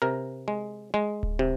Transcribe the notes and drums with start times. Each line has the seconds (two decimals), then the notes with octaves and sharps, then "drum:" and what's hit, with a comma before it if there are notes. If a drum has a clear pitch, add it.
0.02 C3 A#4
0.48 G#3
0.94 G#3
1.23 drum: kick D1
1.39 C3